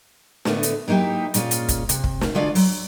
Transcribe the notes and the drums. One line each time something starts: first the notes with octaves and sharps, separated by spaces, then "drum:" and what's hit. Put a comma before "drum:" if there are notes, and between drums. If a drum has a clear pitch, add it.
A2 D3 A3 B3, drum: snare
drum: hi-hat
F#3 A#3 D#4 E4 G4
A#2 G#3 C#4 F4, drum: hi-hat
drum: hi-hat
drum: kick, hi-hat
C3, drum: hi-hat
drum: kick
drum: snare
D3 G#3 F4 F#4 D5 F5
F#3, drum: open hi-hat